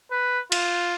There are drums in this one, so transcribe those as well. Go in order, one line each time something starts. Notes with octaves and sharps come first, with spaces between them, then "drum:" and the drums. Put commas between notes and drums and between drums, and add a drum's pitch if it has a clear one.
B4
F4, drum: cymbal